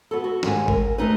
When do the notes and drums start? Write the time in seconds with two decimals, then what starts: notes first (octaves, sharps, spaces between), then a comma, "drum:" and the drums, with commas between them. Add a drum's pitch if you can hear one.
0.11 B3 F#4 A4
0.24 F#4
0.43 D#2 G#2 F#5 G#5, drum: snare
0.68 A#4, drum: kick G#1
0.98 D#2 A3 D#4 B4